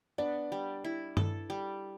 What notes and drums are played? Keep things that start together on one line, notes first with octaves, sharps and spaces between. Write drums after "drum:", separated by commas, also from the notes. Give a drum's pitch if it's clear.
B3 D4 D5
G3
E4
A4, drum: tom G2
G3